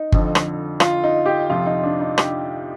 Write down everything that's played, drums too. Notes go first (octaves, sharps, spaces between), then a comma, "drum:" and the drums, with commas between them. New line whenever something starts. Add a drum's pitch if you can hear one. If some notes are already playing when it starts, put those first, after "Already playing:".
Already playing: D#4
F2 D3 F3, drum: kick G1
drum: rim click
F4, drum: rim click
D#4
G4
F2 C3 F3 F4
D#4
D4
D#4
G4, drum: rim click